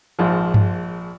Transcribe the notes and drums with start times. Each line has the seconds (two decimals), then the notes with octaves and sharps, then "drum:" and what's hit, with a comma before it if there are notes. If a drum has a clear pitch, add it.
0.19 A#1 G#2 F3
0.54 drum: tom G2